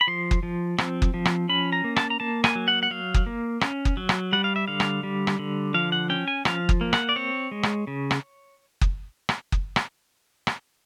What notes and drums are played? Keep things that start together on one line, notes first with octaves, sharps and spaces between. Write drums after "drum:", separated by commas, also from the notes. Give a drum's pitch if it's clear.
B5
F3 C6
drum: kick F#1
F3
C4, drum: rim click
drum: kick F#1
F3
drum: rim click
C#4 B5
A#5
A#3
A5, drum: rim click
A#5
A#3 A5
G#5, drum: rim click
F#3
F#5
F#5
F#3 F5
drum: kick F#1
A#3
C#4, drum: rim click
drum: kick F#1
F#3
drum: rim click
G3 F#5
F5
E5
D3 F5
drum: rim click
G3
drum: rim click
D3
F3 F5
F#5
C#4 G5
G#5
F3 F5, drum: rim click
drum: kick F#1
A#3
F#5, drum: rim click
D5
C4 C#5
G#3
drum: rim click
C#3
drum: rim click
drum: kick F#1
drum: rim click
drum: kick F#1
drum: rim click
drum: rim click